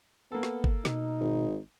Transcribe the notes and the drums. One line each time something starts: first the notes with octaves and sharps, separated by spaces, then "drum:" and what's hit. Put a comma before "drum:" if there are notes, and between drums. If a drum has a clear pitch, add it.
A#3 B3 A4
drum: snare
drum: kick G1
B2 D#4, drum: snare
G#1